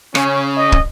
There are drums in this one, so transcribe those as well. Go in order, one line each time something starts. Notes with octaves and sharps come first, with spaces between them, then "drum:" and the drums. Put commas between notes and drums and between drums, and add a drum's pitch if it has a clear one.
C#3 C#4, drum: rim click
D#5
drum: kick